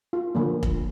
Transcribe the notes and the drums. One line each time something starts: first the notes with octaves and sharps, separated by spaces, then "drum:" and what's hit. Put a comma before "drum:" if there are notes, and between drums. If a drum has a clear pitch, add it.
F4
D3 F3 A#3
drum: kick